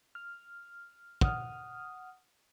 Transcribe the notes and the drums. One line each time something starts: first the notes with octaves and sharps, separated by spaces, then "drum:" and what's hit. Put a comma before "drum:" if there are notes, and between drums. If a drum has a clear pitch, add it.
F6
F#5 D#6 F6, drum: kick